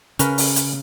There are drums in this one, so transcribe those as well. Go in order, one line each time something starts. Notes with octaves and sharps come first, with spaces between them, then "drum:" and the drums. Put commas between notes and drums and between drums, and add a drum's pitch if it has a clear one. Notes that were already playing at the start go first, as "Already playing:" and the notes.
C#3 C#4 A#4 B4, drum: hi-hat
drum: open hi-hat
drum: hi-hat